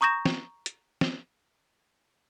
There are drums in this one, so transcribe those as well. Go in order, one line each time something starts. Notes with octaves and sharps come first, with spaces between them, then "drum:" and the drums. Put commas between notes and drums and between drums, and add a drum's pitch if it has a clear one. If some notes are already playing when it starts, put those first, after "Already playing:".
A#5 C#6 D#6 G6 A#6 E7
drum: snare
drum: hi-hat
drum: snare